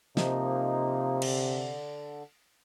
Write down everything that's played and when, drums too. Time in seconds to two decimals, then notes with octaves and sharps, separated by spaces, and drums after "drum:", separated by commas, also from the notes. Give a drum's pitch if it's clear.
0.17 C3 F3 A#3 D#4, drum: snare
1.22 D3, drum: cymbal